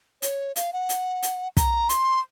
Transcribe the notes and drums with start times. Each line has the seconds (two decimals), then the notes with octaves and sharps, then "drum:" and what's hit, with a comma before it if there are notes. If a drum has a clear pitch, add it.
0.22 C#5, drum: hi-hat
0.56 F5, drum: hi-hat
0.73 F#5
0.89 drum: hi-hat
1.23 drum: hi-hat
1.57 A#5, drum: kick, hi-hat
1.89 C6, drum: hi-hat